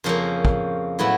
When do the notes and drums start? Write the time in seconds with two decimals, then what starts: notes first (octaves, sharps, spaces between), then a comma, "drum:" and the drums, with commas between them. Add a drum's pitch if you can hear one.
0.04 F2 C#3 F3 A#3 C#4
0.45 drum: kick
0.99 A2 F#3 B3 E4